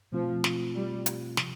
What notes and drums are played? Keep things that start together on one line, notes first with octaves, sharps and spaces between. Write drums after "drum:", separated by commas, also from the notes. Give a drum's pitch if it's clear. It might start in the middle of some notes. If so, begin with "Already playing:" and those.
B2 F3 A3 C4 F4
drum: snare
G3
drum: hi-hat
C3 F3, drum: snare